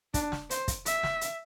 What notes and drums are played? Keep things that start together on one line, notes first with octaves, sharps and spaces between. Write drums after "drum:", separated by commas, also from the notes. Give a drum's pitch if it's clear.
D4, drum: kick, hi-hat
drum: snare
C5, drum: hi-hat
drum: kick, hi-hat
E5, drum: hi-hat
drum: snare
drum: hi-hat